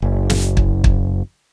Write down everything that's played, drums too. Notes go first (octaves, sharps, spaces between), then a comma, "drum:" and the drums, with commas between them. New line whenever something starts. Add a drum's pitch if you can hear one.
F#1
drum: snare
drum: kick
drum: kick